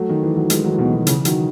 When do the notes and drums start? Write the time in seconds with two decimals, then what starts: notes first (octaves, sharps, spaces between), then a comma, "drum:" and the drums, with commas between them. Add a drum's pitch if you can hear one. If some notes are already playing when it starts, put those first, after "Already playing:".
Already playing: F#3 A3
0.09 D#3
0.23 E3
0.36 F#3
0.50 E3 G#3, drum: hi-hat
0.64 D#3 F#3
0.72 E3
0.78 B2 D#3
0.92 B2 D#3
1.07 C#3 E3, drum: hi-hat
1.25 D#3 F#3, drum: hi-hat